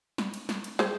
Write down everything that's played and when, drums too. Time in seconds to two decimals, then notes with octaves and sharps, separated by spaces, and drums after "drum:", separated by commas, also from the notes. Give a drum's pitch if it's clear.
0.18 drum: snare
0.34 drum: cymbal
0.49 drum: snare
0.64 drum: cymbal
0.79 G#4 C5, drum: snare